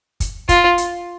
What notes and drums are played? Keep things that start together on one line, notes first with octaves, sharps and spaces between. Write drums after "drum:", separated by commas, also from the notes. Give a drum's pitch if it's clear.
drum: kick, hi-hat
F4, drum: kick, hi-hat
drum: hi-hat